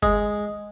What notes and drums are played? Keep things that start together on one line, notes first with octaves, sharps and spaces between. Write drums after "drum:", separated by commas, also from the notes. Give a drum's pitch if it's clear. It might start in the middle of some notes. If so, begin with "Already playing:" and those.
G#3, drum: kick F#1